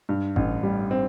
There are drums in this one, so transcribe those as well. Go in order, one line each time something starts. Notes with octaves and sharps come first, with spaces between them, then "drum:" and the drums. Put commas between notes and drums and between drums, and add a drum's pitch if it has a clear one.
G2
A1, drum: kick G1
G3
C4